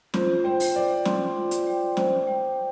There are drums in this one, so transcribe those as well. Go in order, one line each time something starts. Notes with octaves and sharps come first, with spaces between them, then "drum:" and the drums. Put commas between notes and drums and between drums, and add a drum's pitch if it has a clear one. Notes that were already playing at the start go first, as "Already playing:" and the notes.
F4 C5, drum: snare
C5 G5
drum: open hi-hat
C5 D5
C6, drum: snare
F4
drum: hi-hat
G5
C5, drum: snare
G5